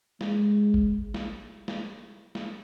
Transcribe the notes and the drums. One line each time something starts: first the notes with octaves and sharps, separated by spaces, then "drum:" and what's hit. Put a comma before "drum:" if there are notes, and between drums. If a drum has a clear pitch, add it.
G#3, drum: snare
drum: kick G1
drum: snare
drum: snare
drum: snare